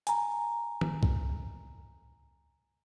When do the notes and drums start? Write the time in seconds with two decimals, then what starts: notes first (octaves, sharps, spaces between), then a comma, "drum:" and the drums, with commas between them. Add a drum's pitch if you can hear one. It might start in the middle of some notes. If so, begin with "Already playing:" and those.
0.07 G#5 A#5, drum: hi-hat
0.81 drum: tom D#3
1.03 drum: kick C2